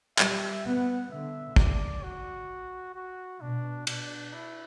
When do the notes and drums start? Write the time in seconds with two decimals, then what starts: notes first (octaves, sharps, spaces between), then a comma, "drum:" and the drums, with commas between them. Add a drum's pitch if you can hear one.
0.19 G3 E5, drum: clap
0.65 B3 F#5
1.11 D3 E5
1.56 D5, drum: kick
2.03 F#4
2.95 F#4
3.41 B2 D4
3.87 D4, drum: cymbal
4.33 E4